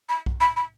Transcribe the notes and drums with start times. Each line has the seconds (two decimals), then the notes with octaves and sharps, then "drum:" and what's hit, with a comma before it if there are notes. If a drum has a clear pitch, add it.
0.09 B5
0.26 drum: kick B1
0.41 B5
0.56 B5